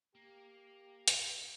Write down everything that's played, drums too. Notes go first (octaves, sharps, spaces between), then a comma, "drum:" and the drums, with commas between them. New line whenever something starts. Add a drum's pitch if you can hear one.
A#3 G4
drum: hi-hat